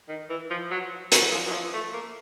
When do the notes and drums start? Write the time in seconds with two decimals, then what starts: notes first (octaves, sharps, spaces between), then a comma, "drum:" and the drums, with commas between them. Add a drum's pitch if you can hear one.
0.09 D#3
0.30 E3
0.51 F3
0.71 F#3
1.12 F#3, drum: hi-hat
1.22 E3
1.32 F3
1.47 F#3
1.52 F3
1.74 A3
1.94 A#3